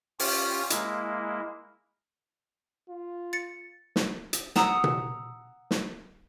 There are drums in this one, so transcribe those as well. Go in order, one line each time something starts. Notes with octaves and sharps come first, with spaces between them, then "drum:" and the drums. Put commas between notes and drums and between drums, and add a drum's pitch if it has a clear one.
C#4 F4 G4, drum: open hi-hat
G#3 A#3 E4, drum: hi-hat
F4
A6 C#7
drum: snare
drum: hi-hat
F#5 A#5 D#6 E6, drum: snare
drum: tom B2
drum: snare